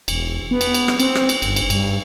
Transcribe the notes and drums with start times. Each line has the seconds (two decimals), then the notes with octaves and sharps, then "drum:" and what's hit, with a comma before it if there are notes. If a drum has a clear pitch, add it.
0.08 E1, drum: cymbal
0.51 B3
0.61 drum: cymbal
0.74 drum: cymbal
0.88 drum: rim click
1.00 C4, drum: cymbal
1.15 drum: rim click
1.29 drum: cymbal
1.42 G1, drum: cymbal
1.56 drum: cymbal
1.70 G2, drum: cymbal